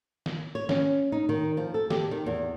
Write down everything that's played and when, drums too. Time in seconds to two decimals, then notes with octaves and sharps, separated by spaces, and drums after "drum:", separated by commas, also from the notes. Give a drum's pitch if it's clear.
0.26 drum: snare
0.55 C#5
0.69 C#4, drum: snare
1.12 D#4
1.29 D#3
1.57 F3
1.74 A4
1.90 G4, drum: snare
2.11 D#3
2.26 E2